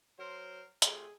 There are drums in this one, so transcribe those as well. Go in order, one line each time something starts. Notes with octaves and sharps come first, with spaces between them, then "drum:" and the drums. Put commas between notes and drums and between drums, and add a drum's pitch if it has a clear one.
F#3 A#4 C5
C3 A3 F4 G#4, drum: hi-hat